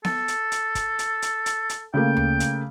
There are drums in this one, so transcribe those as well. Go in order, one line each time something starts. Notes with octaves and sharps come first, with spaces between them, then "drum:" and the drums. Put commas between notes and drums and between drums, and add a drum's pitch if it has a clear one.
A4, drum: snare B3
drum: hi-hat
drum: hi-hat
drum: kick, hi-hat
drum: hi-hat
drum: hi-hat
drum: hi-hat
drum: hi-hat
C#3 A3 A#3 G5
drum: tom D2
drum: hi-hat